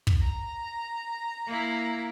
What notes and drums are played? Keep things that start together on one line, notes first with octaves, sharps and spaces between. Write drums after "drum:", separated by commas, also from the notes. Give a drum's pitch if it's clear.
drum: kick
A#5
A#3 E4